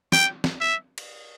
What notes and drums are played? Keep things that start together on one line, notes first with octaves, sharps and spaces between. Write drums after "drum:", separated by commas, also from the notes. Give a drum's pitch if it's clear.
G5, drum: snare
drum: snare
E5
drum: cymbal